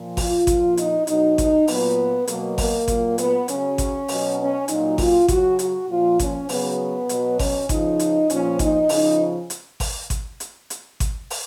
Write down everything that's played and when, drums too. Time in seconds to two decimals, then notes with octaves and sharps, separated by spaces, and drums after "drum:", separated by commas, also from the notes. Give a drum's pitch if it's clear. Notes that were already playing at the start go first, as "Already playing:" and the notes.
Already playing: A#2 F3
0.17 F4, drum: kick G#1, open hi-hat
0.47 A#2 F3, drum: kick G#1, hi-hat
0.77 D#4, drum: hi-hat
1.07 B2 F#3 D#4, drum: hi-hat
1.38 D#4, drum: kick G#1, hi-hat
1.67 A#2 F#3 B3, drum: open hi-hat
2.27 B2 F#3 A#3, drum: hi-hat
2.58 A#3, drum: kick G#1, open hi-hat
2.88 A#2 F#3, drum: kick G#1, hi-hat
3.18 B3, drum: hi-hat
3.48 C#3 F#3 C#4, drum: hi-hat
3.78 drum: kick G#1, hi-hat
4.08 B2 F#3, drum: open hi-hat
4.39 C#4
4.68 A#2 F#3 D#4, drum: hi-hat
4.98 F4, drum: kick G#1, open hi-hat
5.28 C#3 F#3 F#4, drum: kick G#1, hi-hat
5.59 F#4, drum: hi-hat
5.89 A#2 F3 F4
6.19 C#4, drum: kick G#1, hi-hat
6.49 C#3 F#3 B3, drum: open hi-hat
7.09 B2 F#3, drum: hi-hat
7.39 C#4, drum: kick G#1, open hi-hat
7.69 C#3 F3 D#4, drum: kick G#1, hi-hat
7.99 drum: hi-hat
8.30 A#2 F3 C#4, drum: hi-hat
8.59 D#4, drum: kick G#1, hi-hat
8.89 C#3 F3 D#4, drum: open hi-hat
9.50 drum: hi-hat
9.80 drum: kick G#1, open hi-hat
10.10 drum: kick G#1, hi-hat
10.40 drum: hi-hat
10.70 drum: hi-hat
11.00 drum: kick G#1, hi-hat
11.30 drum: open hi-hat